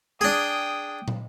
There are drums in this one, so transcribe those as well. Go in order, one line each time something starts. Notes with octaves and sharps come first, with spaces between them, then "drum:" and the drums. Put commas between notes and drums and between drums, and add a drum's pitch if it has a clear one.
D4 G#4 G5 D#6
drum: tom